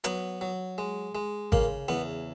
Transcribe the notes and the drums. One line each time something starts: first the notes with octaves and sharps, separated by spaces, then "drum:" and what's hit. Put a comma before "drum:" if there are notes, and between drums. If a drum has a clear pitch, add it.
F#3 B3, drum: hi-hat
F#3
G#3
G#3
C#3 A#3, drum: kick G#1
E2 B3